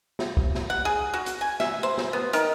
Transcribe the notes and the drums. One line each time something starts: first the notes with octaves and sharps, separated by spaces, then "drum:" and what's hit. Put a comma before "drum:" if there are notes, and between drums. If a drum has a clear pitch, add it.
drum: snare
drum: kick
drum: snare
F#5
G#4
F#4
drum: hi-hat
G#5
E5, drum: snare
C5
drum: snare
B3
D#3, drum: hi-hat